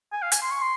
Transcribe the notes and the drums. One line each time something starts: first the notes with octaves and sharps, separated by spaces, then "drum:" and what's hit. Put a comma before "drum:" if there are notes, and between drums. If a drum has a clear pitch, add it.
G#5
F5
G#5, drum: hi-hat
C6
C#6
C6